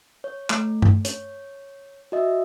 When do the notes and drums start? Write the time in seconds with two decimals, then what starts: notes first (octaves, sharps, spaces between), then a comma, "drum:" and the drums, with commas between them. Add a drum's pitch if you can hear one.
0.24 C#5
0.50 A3, drum: clap
0.82 drum: tom G2
1.05 C#5, drum: hi-hat
2.12 F#4 D#5 E5